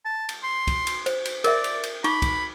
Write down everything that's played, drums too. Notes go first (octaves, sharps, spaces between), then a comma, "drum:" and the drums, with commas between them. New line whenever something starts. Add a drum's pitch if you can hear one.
A5
drum: cymbal
C6
drum: kick, cymbal
drum: cymbal
C5, drum: cymbal
drum: cymbal
A#4 D5 E5, drum: cymbal
drum: cymbal
drum: cymbal
D#4 B5 C#6 D6, drum: cymbal
drum: kick, cymbal